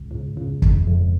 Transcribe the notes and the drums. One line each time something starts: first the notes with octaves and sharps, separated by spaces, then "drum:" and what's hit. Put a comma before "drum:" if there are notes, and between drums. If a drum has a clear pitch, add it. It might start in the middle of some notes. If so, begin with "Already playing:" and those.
Already playing: C#2
C#2
C#2
F2, drum: kick
F2